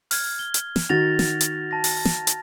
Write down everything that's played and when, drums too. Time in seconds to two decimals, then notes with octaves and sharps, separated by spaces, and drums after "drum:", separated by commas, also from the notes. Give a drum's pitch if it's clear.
0.11 F6 G#6, drum: open hi-hat
0.39 G7
0.54 drum: hi-hat
0.76 drum: snare
0.89 D#3 F#4 A6 A#6 F7
1.19 drum: snare
1.41 drum: hi-hat
1.71 A5 A#6
1.84 drum: open hi-hat
2.05 drum: snare
2.27 drum: hi-hat